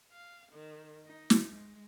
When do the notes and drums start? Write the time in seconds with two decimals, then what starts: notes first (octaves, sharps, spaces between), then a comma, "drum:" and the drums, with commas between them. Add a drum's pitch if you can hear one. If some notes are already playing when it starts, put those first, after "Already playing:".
0.11 F5
0.52 D#3
1.05 D#4
1.30 drum: snare
1.47 G#3